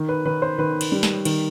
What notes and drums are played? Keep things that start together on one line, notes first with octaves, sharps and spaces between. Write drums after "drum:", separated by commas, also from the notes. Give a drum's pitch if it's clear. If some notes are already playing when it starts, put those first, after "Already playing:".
Already playing: D#3
B4
D#3 B4
C5
D#3 B4
drum: cymbal
G3
drum: snare
D#3, drum: cymbal